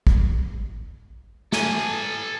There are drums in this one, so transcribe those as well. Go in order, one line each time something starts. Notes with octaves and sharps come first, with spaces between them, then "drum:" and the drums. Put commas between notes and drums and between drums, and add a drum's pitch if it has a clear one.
drum: kick
A4 G#5, drum: snare